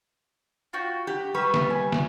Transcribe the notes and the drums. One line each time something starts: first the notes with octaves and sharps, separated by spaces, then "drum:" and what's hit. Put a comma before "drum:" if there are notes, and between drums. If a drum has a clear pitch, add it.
F4 F#4 G5
G4 F#6
G3 B4 C#6 E6
drum: snare
G#5
drum: snare